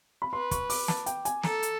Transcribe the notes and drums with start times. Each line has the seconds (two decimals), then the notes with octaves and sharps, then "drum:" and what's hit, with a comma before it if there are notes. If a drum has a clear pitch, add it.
0.22 B5
0.33 B4 C6
0.51 C#6, drum: kick, hi-hat
0.70 D6, drum: open hi-hat
0.88 A5, drum: snare
1.06 G5, drum: hi-hat
1.25 G#5, drum: hi-hat
1.43 A4 A#5, drum: snare
1.63 drum: hi-hat